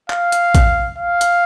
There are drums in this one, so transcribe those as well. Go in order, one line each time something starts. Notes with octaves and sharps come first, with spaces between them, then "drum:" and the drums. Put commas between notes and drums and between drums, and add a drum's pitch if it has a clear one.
F5, drum: clap
drum: hi-hat
drum: kick A1, hi-hat
F5
drum: hi-hat